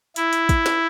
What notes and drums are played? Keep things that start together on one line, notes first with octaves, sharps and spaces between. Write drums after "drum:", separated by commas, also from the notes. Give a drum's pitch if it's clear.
E4, drum: hi-hat
drum: hi-hat
drum: kick, hi-hat
drum: snare